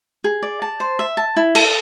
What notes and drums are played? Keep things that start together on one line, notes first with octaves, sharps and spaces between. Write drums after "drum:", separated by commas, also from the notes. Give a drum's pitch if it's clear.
G#4
D5
A5
C5
E5
A5
E4
A4, drum: cymbal